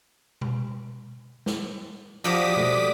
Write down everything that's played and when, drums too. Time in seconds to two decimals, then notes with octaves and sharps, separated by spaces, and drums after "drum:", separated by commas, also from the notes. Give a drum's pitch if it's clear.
0.41 drum: tom B2
1.46 drum: snare
2.24 F3 D4 F#4 G4 D6 D#6 B6
2.57 A3, drum: tom B2